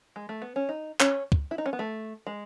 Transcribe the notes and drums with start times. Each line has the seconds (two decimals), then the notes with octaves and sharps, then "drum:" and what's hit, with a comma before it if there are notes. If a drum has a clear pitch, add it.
0.16 G#3
0.29 A3
0.42 B3
0.56 C#4
0.69 D#4
1.00 C#4, drum: clap
1.32 drum: kick
1.51 E4
1.58 D#4
1.66 C#4
1.73 B3
1.79 A3
2.27 G#3